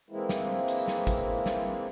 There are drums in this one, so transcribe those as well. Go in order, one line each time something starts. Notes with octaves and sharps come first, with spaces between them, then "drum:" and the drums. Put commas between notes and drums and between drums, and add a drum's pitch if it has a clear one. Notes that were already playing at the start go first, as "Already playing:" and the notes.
E3 G#3 A#3 C4 E4
drum: snare
drum: hi-hat
drum: snare
drum: kick, hi-hat
drum: snare